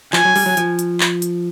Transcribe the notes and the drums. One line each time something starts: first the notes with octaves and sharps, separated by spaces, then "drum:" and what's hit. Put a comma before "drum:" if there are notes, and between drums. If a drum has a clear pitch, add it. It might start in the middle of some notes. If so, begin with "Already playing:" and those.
F3 G#5, drum: clap
F#3
G3, drum: open hi-hat
F#3
F3, drum: hi-hat
drum: hi-hat
drum: clap
drum: hi-hat